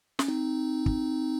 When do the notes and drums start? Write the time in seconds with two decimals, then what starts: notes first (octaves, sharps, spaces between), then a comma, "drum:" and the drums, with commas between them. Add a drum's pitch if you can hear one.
0.19 C#4, drum: snare
0.28 C4 D#4
0.86 drum: kick